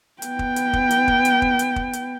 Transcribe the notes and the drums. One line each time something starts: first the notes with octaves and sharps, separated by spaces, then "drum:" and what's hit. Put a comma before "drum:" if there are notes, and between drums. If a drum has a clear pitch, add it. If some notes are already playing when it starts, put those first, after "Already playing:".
B3 G5, drum: hi-hat
drum: kick
drum: hi-hat
drum: kick
drum: hi-hat
drum: kick
drum: hi-hat
drum: kick
drum: hi-hat
drum: kick
drum: hi-hat